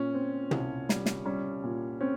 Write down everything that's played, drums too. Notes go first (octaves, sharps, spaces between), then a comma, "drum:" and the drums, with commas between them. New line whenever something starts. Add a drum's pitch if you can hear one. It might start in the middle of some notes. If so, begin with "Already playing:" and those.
Already playing: A#2 C#4
C4
C2, drum: tom
G3, drum: snare
drum: snare
G3 C#4
A#2
C4 C#4